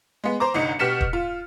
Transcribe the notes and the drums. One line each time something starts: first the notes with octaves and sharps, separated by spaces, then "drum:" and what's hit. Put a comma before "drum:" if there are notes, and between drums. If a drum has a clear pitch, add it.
G#3 B3
C5 A#5 D6
G1 C2 D#4 C#7
B2 G4 F6 B6 C#7 E7
drum: kick
F4